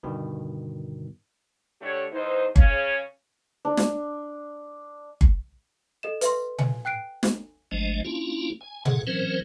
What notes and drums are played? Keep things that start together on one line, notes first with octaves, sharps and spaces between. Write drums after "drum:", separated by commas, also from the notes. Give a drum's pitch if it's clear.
G2 B2 D3 D#3
D3 A3 D4 G4 C#5
E2 D#4 C5
C#3 C#4, drum: kick G1
D4
drum: snare
drum: kick G1
A4 D#5 E7
B4 E5 C6, drum: hi-hat
G#5, drum: tom A#2
G5 F#6 C7 D7
drum: snare
G#1 F3 G#3 A3 D4 D#5
A#3 C#4 D4 E4 F4
G#5
G#2 G#4 A4 F#5, drum: tom A#2
E3 F#3 C4 C#4 A#4 C5